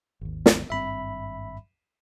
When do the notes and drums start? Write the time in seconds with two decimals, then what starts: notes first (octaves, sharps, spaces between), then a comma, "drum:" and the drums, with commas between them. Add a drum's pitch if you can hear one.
0.21 G#1 D#2
0.46 drum: snare
0.70 G#1 G2 C4 E5 B5